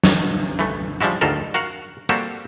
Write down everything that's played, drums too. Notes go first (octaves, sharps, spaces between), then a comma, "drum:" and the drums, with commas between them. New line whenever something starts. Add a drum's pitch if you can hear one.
F#3 C#5, drum: snare
E3 A3
F3 G3 G#3 E4 F#4
D2 G#2 D#3 F4 A4 A#4
F#4 A#4 F5 F#5
G3 A#3 C4 F#4 G4 A4